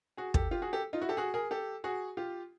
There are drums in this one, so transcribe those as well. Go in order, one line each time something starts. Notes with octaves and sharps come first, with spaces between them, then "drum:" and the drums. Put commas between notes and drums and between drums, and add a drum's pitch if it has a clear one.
F#4 G#4
G4 A4, drum: kick
F4 G4
F#4 G#4
G4 A4
D#4 F4
E4 F#4
G4 A4
F#4 G#4
G#4 A#4
G4 A4
F#4 G#4
F4 G4